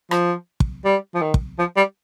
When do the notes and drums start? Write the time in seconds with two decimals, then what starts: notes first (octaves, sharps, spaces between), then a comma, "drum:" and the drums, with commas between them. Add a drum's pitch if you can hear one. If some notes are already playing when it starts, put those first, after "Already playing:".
0.11 F3, drum: rim click
0.60 drum: kick
0.85 G3
1.14 F3
1.22 D#3
1.34 drum: kick
1.59 F3
1.77 G3